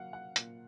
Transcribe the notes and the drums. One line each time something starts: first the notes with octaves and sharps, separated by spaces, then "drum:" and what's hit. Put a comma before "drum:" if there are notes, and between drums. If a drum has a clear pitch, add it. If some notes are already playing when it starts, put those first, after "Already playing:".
Already playing: F#3 A#3 F5 F#5
F#5
A#2, drum: hi-hat